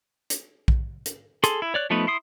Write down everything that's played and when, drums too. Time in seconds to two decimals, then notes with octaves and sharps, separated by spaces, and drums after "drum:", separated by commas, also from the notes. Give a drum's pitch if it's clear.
0.30 drum: hi-hat
0.68 drum: kick A#1
1.06 drum: hi-hat
1.44 G#4 A4 C6, drum: hi-hat
1.62 E4
1.74 C#5 D5 F#6
1.90 F3 A3 B3 D#4 B4
2.07 E4 C6 D#6